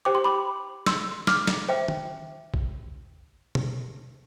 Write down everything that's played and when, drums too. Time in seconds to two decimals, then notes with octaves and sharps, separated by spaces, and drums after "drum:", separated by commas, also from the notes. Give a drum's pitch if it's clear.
0.05 G4 C5 G5 D6
0.15 C6
0.24 B5 D6
0.86 C6 E6, drum: snare
1.27 D6 F6, drum: snare
1.47 drum: snare
1.69 C5 E5 G5
1.88 drum: tom
2.54 drum: kick
3.55 drum: tom